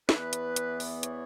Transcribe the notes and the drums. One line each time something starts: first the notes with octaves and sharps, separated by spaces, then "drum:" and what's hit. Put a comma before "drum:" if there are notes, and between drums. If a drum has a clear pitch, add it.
E2 E3 B3 B4, drum: snare
drum: hi-hat
drum: hi-hat
drum: open hi-hat
C#5, drum: hi-hat